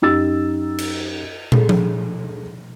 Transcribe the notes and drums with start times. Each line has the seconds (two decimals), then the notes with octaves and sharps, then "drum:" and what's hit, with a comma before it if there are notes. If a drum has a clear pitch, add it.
0.02 F#2 D#4 G4 E6 A6
0.78 drum: cymbal
1.52 G#4 A4, drum: tom
1.69 drum: tom F3